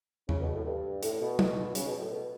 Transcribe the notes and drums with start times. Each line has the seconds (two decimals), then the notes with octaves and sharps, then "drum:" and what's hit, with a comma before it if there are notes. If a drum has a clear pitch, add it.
0.29 C#3, drum: tom E2
0.41 B2
0.54 A2
0.65 G2
1.03 A2, drum: hi-hat
1.20 B2
1.39 drum: tom F#3
1.75 C#3, drum: hi-hat
1.88 B2
2.00 A2
2.12 B2